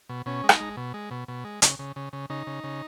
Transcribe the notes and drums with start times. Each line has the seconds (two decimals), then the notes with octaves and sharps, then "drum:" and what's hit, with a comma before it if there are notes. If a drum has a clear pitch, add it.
0.09 B2
0.26 B2 C#4
0.44 G#3
0.49 D#4, drum: rim click
0.60 G#3
0.77 B2
0.94 G#3
1.11 B2
1.28 B2
1.44 G#3
1.62 C#3, drum: hi-hat
1.79 C#3
1.96 C#3
2.13 C#3
2.30 C#3 D#4
2.47 C#3
2.64 C#3